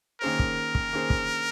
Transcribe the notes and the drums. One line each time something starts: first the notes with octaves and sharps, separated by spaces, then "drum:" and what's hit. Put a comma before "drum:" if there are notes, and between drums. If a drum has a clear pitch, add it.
D#3 A#3 C#4 G#4 A#4 C5
drum: kick
drum: kick
D#3 A#3 C#4 G#4 C5
drum: kick